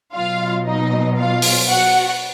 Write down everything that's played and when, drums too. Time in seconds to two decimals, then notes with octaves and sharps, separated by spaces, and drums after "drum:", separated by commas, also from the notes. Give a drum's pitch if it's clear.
0.15 B2 F#3 F4 F5
0.67 D#4 D#5
1.18 F4 F5
1.42 drum: open hi-hat
1.69 F#4 F#5